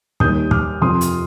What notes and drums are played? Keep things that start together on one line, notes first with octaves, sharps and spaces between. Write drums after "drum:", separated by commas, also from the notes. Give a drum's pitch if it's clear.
D#2 D#3 G3 D#6 G6, drum: kick
D6 F6, drum: kick
F2 C3 F3 C6 D#6
drum: hi-hat